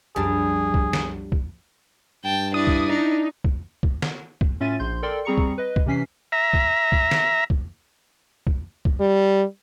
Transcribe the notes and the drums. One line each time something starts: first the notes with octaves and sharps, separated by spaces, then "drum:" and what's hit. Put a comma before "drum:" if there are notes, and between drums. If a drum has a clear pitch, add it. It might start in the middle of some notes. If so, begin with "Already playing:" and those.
C2 F#2 F3 G3 D4 G#4
drum: kick
drum: snare
drum: kick
G2 G5 A5
D4 E4 D5 D#6
drum: kick
D4 D#4
drum: kick
drum: kick
drum: snare
drum: kick
A2 C#4 F4 E5 A6 D#7
A#1 C6 G6
A4 A#4 D5 G5 C6
G3 C4 G#4 A#5 C#6 C#7
drum: kick
B4 D#5
drum: kick
C3 E3 C#4 B6 C7
E5 A#5
drum: kick
drum: kick
drum: snare
drum: kick
drum: kick
drum: kick
G3